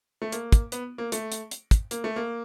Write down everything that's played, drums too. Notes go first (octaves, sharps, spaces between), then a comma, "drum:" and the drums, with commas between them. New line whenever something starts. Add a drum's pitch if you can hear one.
A3
A#3, drum: hi-hat
drum: kick, hi-hat
B3, drum: hi-hat
A#3
A3, drum: hi-hat
drum: hi-hat
drum: hi-hat
drum: kick, hi-hat
A#3, drum: hi-hat
A3
A#3